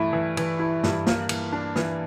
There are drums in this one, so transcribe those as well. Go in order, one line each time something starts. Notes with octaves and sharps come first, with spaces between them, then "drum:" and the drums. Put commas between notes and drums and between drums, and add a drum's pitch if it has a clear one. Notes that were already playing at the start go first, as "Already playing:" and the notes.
Already playing: G2 E3 A3 E4
E3
E3, drum: cymbal
E4
G2, drum: snare
A#3, drum: snare
E3, drum: cymbal
D4
E3, drum: snare